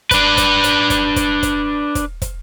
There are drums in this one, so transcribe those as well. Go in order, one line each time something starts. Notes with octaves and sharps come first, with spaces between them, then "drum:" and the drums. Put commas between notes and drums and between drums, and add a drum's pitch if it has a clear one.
D4 B4, drum: kick, hi-hat
drum: kick, hi-hat
drum: hi-hat
drum: kick, hi-hat
drum: kick, hi-hat
drum: kick, hi-hat
drum: kick, hi-hat
drum: kick, hi-hat